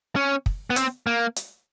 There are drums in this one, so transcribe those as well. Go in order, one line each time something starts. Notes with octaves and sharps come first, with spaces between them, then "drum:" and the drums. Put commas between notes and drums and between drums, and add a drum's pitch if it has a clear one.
C#4
drum: kick
B3
C4, drum: hi-hat
A#3
drum: hi-hat